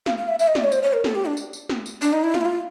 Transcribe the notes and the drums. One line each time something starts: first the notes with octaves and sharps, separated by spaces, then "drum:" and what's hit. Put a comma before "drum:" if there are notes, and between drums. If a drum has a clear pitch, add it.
F5, drum: snare
F5
E5
E5, drum: tambourine
D#5
D5, drum: snare
C#5
C5, drum: tambourine
C#5
A#4
A4, drum: snare
G4
D4
drum: tambourine
drum: tambourine
drum: snare
drum: tambourine
D4, drum: tambourine
D#4
E4
F4, drum: snare
E4
F4